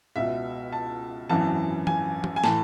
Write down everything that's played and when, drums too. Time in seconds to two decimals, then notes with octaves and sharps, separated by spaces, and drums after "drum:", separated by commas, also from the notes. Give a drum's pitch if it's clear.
0.16 C#2 B2 E5
0.72 A5
1.29 G#1 F#2 E3 A5
1.87 G#5, drum: tom E3
2.24 drum: tom E3
2.36 G#5
2.44 A2 E3 A5, drum: snare